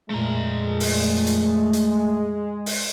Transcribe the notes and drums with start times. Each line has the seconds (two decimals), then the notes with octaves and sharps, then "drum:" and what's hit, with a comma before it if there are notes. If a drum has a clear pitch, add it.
0.10 F2 A#2 G#3 A3 A#5
0.80 drum: open hi-hat
1.27 drum: hi-hat
1.73 drum: hi-hat
2.66 drum: open hi-hat